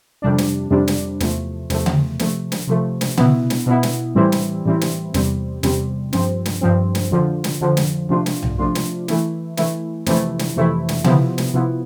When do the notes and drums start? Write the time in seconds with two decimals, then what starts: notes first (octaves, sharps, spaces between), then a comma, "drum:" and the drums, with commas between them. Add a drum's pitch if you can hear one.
0.22 F2 C3 G3 D4
0.38 drum: snare
0.71 F2 C3 G3 D4
0.88 drum: snare
1.20 E2 C3 F3 A3, drum: snare
1.70 E2 C3 F3 A3, drum: snare
1.86 drum: tom C#3
2.19 C3 F3 A3, drum: snare
2.52 drum: snare
2.67 C3 F3 A3
3.01 drum: snare
3.17 B2 B3 E4, drum: tom C#3
3.50 drum: snare
3.66 B2 B3 E4
3.83 drum: snare
4.15 A2 E3 G3 C4 E4
4.32 drum: snare
4.65 A2 E3 G3 C4 E4
4.81 drum: snare
5.14 E2 C3 G3 C4, drum: snare
5.63 E2 C3 G3 C4, drum: snare
6.13 G2 F3 C4, drum: snare
6.46 drum: snare
6.61 G2 F3 C4
6.95 drum: snare
7.11 F2 D3 F3
7.44 drum: snare
7.61 F2 D3 F3
7.77 drum: snare
8.09 C3 F3 A3 D4 F4
8.26 drum: snare
8.42 drum: tom B1
8.58 C3 F3 A3 D4 F4
8.75 drum: snare
9.08 E3 A3 E4, drum: snare
9.57 E3 A3 E4, drum: snare
10.06 F2 C3 E3 A3 E4, drum: snare
10.39 drum: snare
10.56 F2 C3 E3 A3 E4
10.89 drum: snare
11.04 C3 F3 B3 E4, drum: tom C#3
11.38 drum: snare
11.54 C3 F3 B3 E4